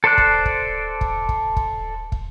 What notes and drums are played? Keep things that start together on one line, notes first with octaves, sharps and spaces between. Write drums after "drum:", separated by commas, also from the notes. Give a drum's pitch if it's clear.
A4 C5 D5 F#6
drum: kick
drum: kick
drum: kick
drum: kick
drum: kick
drum: kick